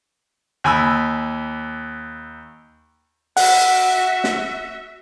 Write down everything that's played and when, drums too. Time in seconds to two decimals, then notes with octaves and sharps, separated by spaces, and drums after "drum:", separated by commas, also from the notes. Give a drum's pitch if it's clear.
0.64 D#2 G#5 B5 E6
3.37 F#4 E5 F#5, drum: open hi-hat
4.24 drum: snare